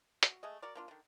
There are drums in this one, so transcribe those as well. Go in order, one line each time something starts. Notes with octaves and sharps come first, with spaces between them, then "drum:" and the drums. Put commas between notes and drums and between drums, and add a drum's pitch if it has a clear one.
F#4, drum: hi-hat
G#3 A3 G#4 D#5
F#4 A#4 D5
A#3 D4 F4
D3 D#3